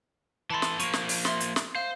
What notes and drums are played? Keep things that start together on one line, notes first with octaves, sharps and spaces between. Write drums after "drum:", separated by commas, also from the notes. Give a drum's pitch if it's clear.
E3 A4 A5 B5 C6
drum: snare
F3 A#3 C#6 D#7 F7, drum: hi-hat
drum: snare
drum: open hi-hat
E5 C6 A6, drum: snare
drum: hi-hat
drum: snare
C5 F5